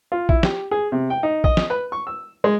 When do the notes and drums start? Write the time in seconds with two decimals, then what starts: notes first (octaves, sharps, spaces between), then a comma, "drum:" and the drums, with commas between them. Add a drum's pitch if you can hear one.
0.12 F4
0.29 E4, drum: kick
0.43 G4, drum: snare
0.71 G#4
0.92 C3
1.10 G5
1.23 D#4
1.44 D#5, drum: kick
1.57 drum: snare
1.70 B4
1.92 C#6
2.07 E6
2.44 G#3